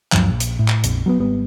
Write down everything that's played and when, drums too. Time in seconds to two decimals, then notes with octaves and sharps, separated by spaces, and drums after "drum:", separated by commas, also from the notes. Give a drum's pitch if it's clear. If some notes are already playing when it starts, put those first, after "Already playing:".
0.12 D2 G2 F3 F#3, drum: clap
0.31 A#1
0.40 drum: hi-hat
0.59 A2
0.68 drum: clap
0.84 A#1 F2, drum: hi-hat
1.06 F#3 A#3 B3
1.20 G#1 G3 B3